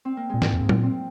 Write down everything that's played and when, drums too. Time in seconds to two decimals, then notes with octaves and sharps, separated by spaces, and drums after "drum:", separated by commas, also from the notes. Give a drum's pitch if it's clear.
0.05 C4
0.17 A#3
0.29 A#2 G#3
0.42 G#2 F3, drum: snare
0.53 F2
0.61 G#2 G#3
0.69 A#2, drum: tom F#3
0.83 C4